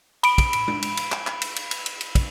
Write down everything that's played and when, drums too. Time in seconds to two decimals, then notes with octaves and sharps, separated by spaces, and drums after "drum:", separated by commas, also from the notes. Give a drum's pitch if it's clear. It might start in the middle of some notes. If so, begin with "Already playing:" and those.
0.23 B5 D7, drum: cymbal
0.38 drum: kick, cymbal
0.53 drum: cymbal
0.68 drum: tom
0.82 drum: cymbal
0.97 drum: cymbal
1.12 drum: clap
1.27 drum: clap
1.42 drum: cymbal
1.56 drum: cymbal
1.71 drum: cymbal
1.86 drum: cymbal
2.01 drum: cymbal
2.15 drum: kick, cymbal